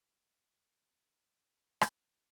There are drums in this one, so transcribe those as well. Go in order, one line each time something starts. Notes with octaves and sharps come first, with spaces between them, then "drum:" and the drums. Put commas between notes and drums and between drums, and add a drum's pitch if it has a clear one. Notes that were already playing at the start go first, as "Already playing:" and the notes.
G#3 F#4
drum: rim click